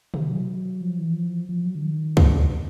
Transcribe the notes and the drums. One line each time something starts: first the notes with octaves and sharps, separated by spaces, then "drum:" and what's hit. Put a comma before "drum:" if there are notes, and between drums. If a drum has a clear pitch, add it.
D#3, drum: tom B2
F#3
F3
E3
F3
F3
F#3
D3
D#3
D3, drum: kick C#2
C#3